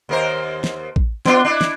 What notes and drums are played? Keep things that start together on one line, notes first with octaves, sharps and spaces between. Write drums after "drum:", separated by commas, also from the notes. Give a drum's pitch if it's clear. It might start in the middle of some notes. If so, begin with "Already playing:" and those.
D#2 A#4 C5
drum: snare
drum: kick A1
B3 D4 F4, drum: snare
D4 E4
drum: snare